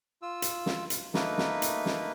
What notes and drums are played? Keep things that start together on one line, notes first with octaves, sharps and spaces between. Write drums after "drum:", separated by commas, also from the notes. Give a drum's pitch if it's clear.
F4 E6
drum: hi-hat
drum: snare
drum: hi-hat
A3 A#3 D#4 B4, drum: snare
drum: snare
drum: hi-hat
drum: snare